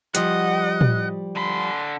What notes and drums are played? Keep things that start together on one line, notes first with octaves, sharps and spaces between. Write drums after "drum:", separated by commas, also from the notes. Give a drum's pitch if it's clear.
F3 G3 D#5 F#5, drum: hi-hat
drum: tom
D3 B5 C6